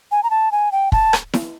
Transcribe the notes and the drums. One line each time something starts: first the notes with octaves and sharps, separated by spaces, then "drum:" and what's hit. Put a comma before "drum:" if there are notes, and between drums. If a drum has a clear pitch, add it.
G#5
A#5
A5
G#5
G5
A5, drum: kick
drum: rim click
drum: snare E4